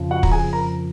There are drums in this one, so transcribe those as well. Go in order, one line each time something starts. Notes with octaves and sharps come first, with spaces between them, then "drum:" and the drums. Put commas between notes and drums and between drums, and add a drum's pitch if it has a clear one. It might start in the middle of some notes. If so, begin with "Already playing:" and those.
Already playing: F2 C#3 F3
F#4 F#5
A#5, drum: kick
G#4 G#5
A#4 A#5